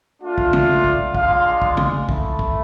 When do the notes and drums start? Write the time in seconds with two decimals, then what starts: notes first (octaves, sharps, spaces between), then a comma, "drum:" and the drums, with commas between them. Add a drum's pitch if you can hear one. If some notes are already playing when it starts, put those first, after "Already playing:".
0.22 A3 D4 F4
0.38 drum: kick
0.53 drum: tom C#3
0.84 drum: kick
1.15 G#3 D4 F4 F5, drum: kick
1.62 drum: kick
1.77 drum: tom C#3
2.09 A3 E4, drum: kick
2.39 drum: kick